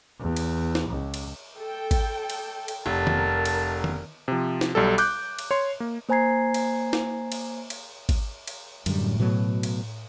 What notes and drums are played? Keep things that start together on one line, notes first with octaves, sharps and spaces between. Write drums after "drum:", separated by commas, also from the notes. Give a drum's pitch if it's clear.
E2
drum: cymbal
drum: snare
C#2
drum: cymbal
A4 G5
drum: kick, cymbal
drum: cymbal
drum: cymbal
F1 A#4 A5
drum: tom D#3
drum: cymbal
drum: tom D#3
C3 F3
drum: snare
B1 G3 A4
D6 F#6 G6, drum: cymbal
drum: cymbal
C#5 C6
A#3
A#3 C5 G#5 A#5 G#6 C7
drum: cymbal
drum: snare
drum: cymbal
drum: cymbal
drum: kick, cymbal
drum: cymbal
F#2 A2 D3 G3, drum: cymbal
B2 F#3 A3
drum: cymbal